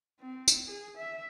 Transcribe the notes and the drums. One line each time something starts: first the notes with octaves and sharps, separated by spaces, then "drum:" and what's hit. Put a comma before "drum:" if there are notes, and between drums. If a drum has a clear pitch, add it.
C4
drum: tambourine
G#4
E5